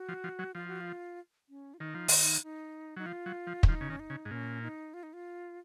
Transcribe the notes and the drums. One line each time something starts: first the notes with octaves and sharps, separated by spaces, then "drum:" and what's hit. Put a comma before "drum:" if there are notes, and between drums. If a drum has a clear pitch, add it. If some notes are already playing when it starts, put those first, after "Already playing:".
Already playing: F#4
F3
F3
F#3
F3 F4
F#4
F4
C#4
F4
D#3 D#4
F3
D#3, drum: open hi-hat
D#4
F#3 D#4
F3 F4
F#3
F3
C#4, drum: kick
F3 D#4
C#3
D#3 C#4
D#4
C#3
G#2
A#2 C#4
D#4
F4
D#4
F4